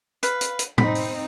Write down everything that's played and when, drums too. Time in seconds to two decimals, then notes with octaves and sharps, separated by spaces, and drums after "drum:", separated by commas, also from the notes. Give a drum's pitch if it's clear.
0.23 B4 F5, drum: hi-hat
0.41 drum: hi-hat
0.59 drum: hi-hat
0.78 C4 D#4 B5, drum: tom
0.95 drum: open hi-hat